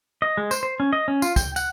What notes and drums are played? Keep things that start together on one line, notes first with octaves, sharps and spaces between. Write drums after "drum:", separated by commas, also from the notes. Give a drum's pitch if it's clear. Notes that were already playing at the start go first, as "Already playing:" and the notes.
D#5
G#3
C5, drum: tambourine
C5
C#4
D#5
C#4
F4, drum: tambourine
G5, drum: kick, tambourine
F#5, drum: tambourine